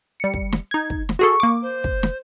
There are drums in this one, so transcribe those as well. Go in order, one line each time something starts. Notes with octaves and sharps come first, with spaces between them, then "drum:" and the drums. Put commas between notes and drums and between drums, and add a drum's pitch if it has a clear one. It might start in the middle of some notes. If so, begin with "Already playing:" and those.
G3 C#7
drum: kick
drum: snare
D#4 G#6
drum: kick
drum: snare
F#4 G#4 A4 C#6
A#3 D6
C5
drum: kick
drum: snare